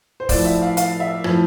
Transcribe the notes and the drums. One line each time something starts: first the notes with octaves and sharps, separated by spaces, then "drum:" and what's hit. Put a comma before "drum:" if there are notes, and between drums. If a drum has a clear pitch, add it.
C5
A2 F3 D5, drum: kick C#1, open hi-hat
E5
F5
F5, drum: hi-hat
E5
A2 F3, drum: rim click